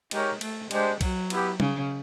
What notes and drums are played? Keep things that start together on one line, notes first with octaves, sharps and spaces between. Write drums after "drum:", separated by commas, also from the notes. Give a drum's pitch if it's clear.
G#3 D#4 G4 A#4 C#5, drum: cymbal
A3, drum: cymbal
G#3 D4 G4 C5, drum: cymbal
F#3, drum: kick B1, cymbal
B3 E4 G4, drum: cymbal
C#3, drum: tom